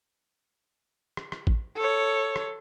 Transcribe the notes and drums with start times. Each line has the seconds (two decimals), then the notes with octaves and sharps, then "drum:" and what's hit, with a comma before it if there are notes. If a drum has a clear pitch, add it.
1.17 drum: rim click
1.32 drum: rim click
1.47 drum: kick A1
1.77 A4 C#5
2.36 drum: rim click